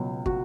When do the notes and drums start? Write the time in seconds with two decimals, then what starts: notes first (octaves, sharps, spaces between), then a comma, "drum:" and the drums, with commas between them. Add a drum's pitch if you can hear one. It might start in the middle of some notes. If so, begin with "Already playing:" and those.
Already playing: C#2 B2 F#3
0.26 F#4, drum: kick